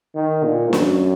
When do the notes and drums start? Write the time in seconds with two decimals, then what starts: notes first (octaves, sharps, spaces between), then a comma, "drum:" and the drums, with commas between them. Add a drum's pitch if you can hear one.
0.15 D#3
0.44 A#2
0.73 F#2, drum: snare